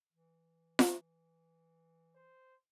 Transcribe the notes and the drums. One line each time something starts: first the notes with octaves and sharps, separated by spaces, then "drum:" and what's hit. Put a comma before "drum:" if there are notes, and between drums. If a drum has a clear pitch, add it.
E3
drum: snare F4
C5